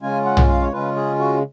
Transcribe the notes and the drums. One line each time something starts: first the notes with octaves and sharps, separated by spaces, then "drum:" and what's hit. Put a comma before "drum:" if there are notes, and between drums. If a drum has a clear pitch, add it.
C#3 G#3 C#4 F4 G#5
F#5
drum: tom
F5
C#5
C#3 G#3 C#4 F4 B4
G#4
F#4